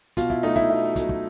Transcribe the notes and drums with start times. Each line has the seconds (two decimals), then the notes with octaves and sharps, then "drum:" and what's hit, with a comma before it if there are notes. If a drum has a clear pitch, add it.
0.17 B2 F4, drum: kick, hi-hat
0.30 E4, drum: kick
0.43 F#3 A3 D#4
0.56 E4, drum: kick
0.70 B2 E4
0.96 F#3 A3, drum: kick, hi-hat
1.09 drum: kick